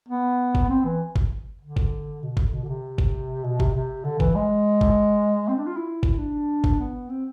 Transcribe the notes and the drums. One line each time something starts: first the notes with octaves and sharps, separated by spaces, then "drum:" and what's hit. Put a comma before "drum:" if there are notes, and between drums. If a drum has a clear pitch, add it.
B3
drum: kick G1
C4
E3
drum: kick G1
D3
drum: kick G1
B2
D3, drum: kick G1
B2
D3
C3
drum: kick G1
B2
C3, drum: kick G1
C3
D3
E3, drum: kick G1
G#3
drum: kick G1
C4
D4
F4
E4
drum: kick G1
D4
drum: kick G1
B3
C4